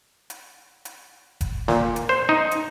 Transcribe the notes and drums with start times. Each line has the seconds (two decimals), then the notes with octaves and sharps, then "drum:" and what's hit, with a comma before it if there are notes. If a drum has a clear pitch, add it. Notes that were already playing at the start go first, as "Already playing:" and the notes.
0.30 drum: hi-hat
0.85 drum: hi-hat
1.41 drum: kick F1, hi-hat
1.68 A#2, drum: snare
1.96 drum: hi-hat
2.09 C5
2.29 D#4
2.51 drum: hi-hat